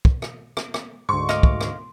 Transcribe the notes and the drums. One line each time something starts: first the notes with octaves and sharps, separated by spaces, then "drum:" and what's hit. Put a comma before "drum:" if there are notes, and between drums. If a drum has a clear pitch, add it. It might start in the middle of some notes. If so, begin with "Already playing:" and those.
drum: kick
drum: rim click
drum: rim click
drum: rim click
D2 G#2 C6 C#6
D#5 F5 D6, drum: rim click
drum: kick
drum: rim click